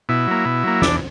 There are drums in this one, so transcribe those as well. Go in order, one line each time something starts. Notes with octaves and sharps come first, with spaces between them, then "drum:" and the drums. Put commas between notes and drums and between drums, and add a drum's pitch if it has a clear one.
B2 E4
F#3 A#3
B2
F#3 A#3
E2 D4, drum: snare